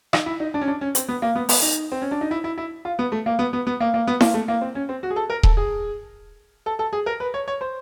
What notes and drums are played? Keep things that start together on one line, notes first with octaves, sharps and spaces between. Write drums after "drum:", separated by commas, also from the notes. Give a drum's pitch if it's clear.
D#4, drum: rim click
E4
D#4
D4
C#4
D4
C#4
C4, drum: hi-hat
B3
A#3
B3
B3, drum: open hi-hat
D#4
C4
C#4
D4
D#4
E4
E4
E4
F4
B3
A3
A#3
B3
B3
B3
A#3
A#3
B3
A#3, drum: snare E4
A3
A#3
C4
C#4
C4
F#4
G#4
A4
A#4
A4, drum: kick D#1
G#4
A4
A4
G#4
A#4
B4
C#5
C#5
C5